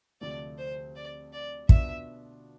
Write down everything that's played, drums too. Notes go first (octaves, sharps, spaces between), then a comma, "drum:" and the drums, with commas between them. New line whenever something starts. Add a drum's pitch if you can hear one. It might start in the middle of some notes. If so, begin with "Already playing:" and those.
D2 C3 F3 A3 D5
C5
D5
D5
B2 B3 D4 F4 E5, drum: kick